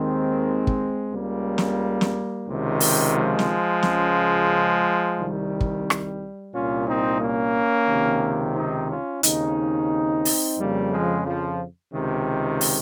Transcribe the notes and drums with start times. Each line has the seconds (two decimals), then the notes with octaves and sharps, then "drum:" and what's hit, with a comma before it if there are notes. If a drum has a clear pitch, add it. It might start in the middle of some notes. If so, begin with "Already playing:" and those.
Already playing: D#2 D#3 G#3 C4
0.67 drum: kick
1.13 C#2 C#3 G3 A#3
1.58 drum: snare
2.01 drum: snare
2.48 C#2 C3 D#3
2.80 drum: open hi-hat
3.16 F3 G#3
3.39 drum: snare
3.83 C#2 C#3, drum: snare
5.18 C2 C3 D#3 G3
5.61 drum: kick
5.90 drum: rim click
6.53 C2 A#2 C#4 F4
6.86 C4 D#4
7.20 A#3 C#4
7.88 C#2 C3 D#3
8.55 C4 D#4
8.89 C#4 F4
9.23 D#2 C#3 C4 D#4, drum: hi-hat
10.25 drum: open hi-hat
10.58 F2 C#3 G3 A#3
10.91 F3 G#3
11.26 F3
11.93 C#2 C3 D#3
12.61 drum: open hi-hat